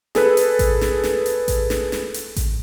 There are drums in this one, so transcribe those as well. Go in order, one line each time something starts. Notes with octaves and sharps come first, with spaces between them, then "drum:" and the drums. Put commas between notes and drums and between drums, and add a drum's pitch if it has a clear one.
G#4 A4 B4, drum: snare
drum: hi-hat
drum: kick A1, hi-hat
drum: snare
drum: snare
drum: hi-hat
drum: kick A1, hi-hat
drum: snare
drum: snare
drum: hi-hat
drum: kick A1, hi-hat